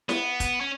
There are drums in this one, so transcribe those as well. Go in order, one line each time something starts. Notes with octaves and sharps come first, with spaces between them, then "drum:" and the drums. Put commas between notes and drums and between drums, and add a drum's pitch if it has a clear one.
B3, drum: snare E4
drum: kick, hi-hat
C#4